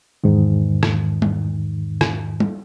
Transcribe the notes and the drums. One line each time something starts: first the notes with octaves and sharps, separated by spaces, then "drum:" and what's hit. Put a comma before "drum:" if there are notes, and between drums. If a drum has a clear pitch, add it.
E2 G#2 D#3
drum: rim click
drum: tom G3
drum: rim click
drum: tom G3